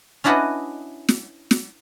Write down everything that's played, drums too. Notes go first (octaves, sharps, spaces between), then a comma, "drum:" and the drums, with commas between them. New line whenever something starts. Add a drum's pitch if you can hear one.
C#4 D4 E4 F#4 B4 D#5
drum: snare
drum: snare